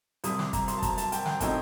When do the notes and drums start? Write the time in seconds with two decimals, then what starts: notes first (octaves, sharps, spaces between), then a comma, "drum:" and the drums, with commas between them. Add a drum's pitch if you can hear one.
0.24 C2 C3 G3 D#6, drum: hi-hat
0.39 D6, drum: snare
0.53 A#5, drum: kick, hi-hat
0.68 C6, drum: hi-hat
0.78 A5
0.82 A#5, drum: kick, hi-hat
0.98 A5, drum: hi-hat
1.12 G5, drum: hi-hat
1.26 G5, drum: snare
1.40 A2 A3 C4 D#4 G5, drum: kick, hi-hat